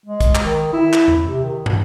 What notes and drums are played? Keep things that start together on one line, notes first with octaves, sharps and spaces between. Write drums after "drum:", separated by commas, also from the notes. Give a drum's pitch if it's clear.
G#3
drum: kick, hi-hat
drum: clap
D#3
E4
drum: clap
drum: tom E2
C3
D#3
drum: tom